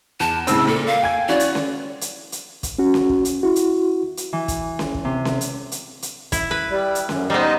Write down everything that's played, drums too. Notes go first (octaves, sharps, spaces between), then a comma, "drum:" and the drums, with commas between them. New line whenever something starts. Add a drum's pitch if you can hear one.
E2 A5
A2 C#3 C4 E6, drum: hi-hat
A#2 A4
F5
G5 G#5 G#6
E3 C#4 F#4 D5
drum: hi-hat
drum: snare C#4
drum: hi-hat
drum: hi-hat
drum: kick, hi-hat
C#4 F#4
drum: snare C#4
drum: kick
drum: hi-hat
E4 F#4
drum: hi-hat
drum: hi-hat
E3
drum: kick, hi-hat
drum: snare C#4
drum: kick
C3
drum: snare C#4
drum: hi-hat
drum: hi-hat
drum: hi-hat
E4, drum: kick, hi-hat
B4
G3
drum: hi-hat
F#2, drum: snare C#4
G3 B3 D#4 C5 D#5